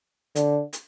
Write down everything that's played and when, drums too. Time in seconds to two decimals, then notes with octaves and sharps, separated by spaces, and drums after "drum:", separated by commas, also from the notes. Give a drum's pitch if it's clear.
0.35 D3, drum: hi-hat
0.73 drum: hi-hat